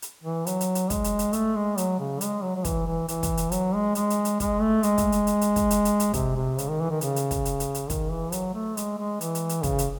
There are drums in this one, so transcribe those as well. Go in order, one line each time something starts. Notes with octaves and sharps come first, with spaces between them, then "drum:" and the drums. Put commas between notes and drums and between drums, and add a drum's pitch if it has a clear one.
drum: hi-hat
E3
F#3, drum: hi-hat
drum: hi-hat
drum: hi-hat
G#3, drum: kick, hi-hat
drum: hi-hat
drum: hi-hat
A3, drum: hi-hat
G#3
F#3, drum: hi-hat
C#3
G#3, drum: hi-hat
F#3
F#3
E3, drum: kick, hi-hat
E3
E3, drum: hi-hat
drum: kick, hi-hat
drum: hi-hat
F#3, drum: hi-hat
G#3
G#3, drum: hi-hat
drum: hi-hat
drum: hi-hat
G#3, drum: kick, hi-hat
A3
G#3, drum: hi-hat
drum: kick, hi-hat
drum: hi-hat
drum: hi-hat
drum: hi-hat
drum: kick, hi-hat
drum: hi-hat
drum: hi-hat
drum: hi-hat
C3, drum: kick, hi-hat
C3
C#3, drum: hi-hat
D#3
E3
D#3
C#3, drum: hi-hat
drum: hi-hat
drum: kick, hi-hat
drum: hi-hat
drum: hi-hat
drum: hi-hat
D#3, drum: kick, hi-hat
E3
F#3, drum: hi-hat
A3
G#3, drum: hi-hat
G#3
E3, drum: hi-hat
drum: hi-hat
drum: hi-hat
C#3, drum: kick, hi-hat
drum: hi-hat